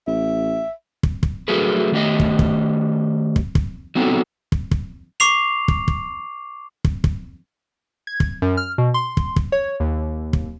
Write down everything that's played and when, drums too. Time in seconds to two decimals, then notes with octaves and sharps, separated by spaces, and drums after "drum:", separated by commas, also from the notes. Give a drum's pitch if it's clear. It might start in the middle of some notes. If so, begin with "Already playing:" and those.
0.07 A1 E5
1.03 drum: kick
1.23 drum: kick
1.48 F#3 A3 G#4 A#4 B4
1.92 D#3 A3 G4 D#5
2.20 drum: kick
2.39 drum: kick
3.36 drum: kick
3.55 drum: kick
3.95 F#3 B3 C4 D#4 A4
4.52 drum: kick
4.71 drum: kick
5.20 C#6 D6 C7 F7
5.68 drum: kick
5.88 drum: kick
6.85 drum: kick
7.04 drum: kick
8.07 G#6
8.20 drum: kick
8.42 F#2
8.57 F6
8.78 B2
8.94 C6
9.17 drum: kick
9.36 drum: kick
9.52 C#5
9.80 D#2
10.33 drum: kick